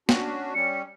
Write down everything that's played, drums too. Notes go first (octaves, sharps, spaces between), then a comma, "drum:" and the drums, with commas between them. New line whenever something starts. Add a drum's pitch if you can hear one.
C#4 D4 F#4, drum: snare
G3 C#4 C#7